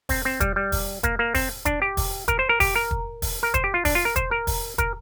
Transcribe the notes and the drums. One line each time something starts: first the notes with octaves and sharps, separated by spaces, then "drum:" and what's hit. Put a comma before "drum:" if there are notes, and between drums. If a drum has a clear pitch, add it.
C4, drum: kick, open hi-hat
C4
G3, drum: kick, hi-hat
G3
drum: kick, open hi-hat
A#3, drum: kick, hi-hat
A#3
C4, drum: kick, open hi-hat
D4, drum: kick, hi-hat
G4
drum: kick, open hi-hat
A#4, drum: kick, hi-hat
C5
A#4
G4, drum: kick, open hi-hat
A#4
drum: kick
drum: kick, open hi-hat
A#4
C5, drum: kick, hi-hat
G4
F4
D4, drum: kick, open hi-hat
F4
A#4
C5, drum: kick, hi-hat
A#4
drum: kick, open hi-hat
A#4, drum: kick, hi-hat